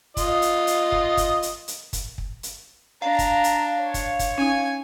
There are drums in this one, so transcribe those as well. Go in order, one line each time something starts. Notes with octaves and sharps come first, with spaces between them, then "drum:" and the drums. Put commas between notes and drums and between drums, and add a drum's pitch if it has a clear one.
F4 D#5, drum: kick, hi-hat
drum: hi-hat
drum: hi-hat
drum: kick
drum: kick, hi-hat
drum: hi-hat
drum: hi-hat
drum: kick, hi-hat
drum: kick
drum: hi-hat
D4 F5 A#5
drum: kick, hi-hat
drum: hi-hat
C#5
drum: kick, hi-hat
drum: kick, hi-hat
C#4 D#4 G#5